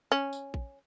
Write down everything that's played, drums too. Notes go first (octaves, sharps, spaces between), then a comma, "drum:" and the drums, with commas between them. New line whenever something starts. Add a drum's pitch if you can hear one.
C#4
drum: tambourine
drum: kick A#1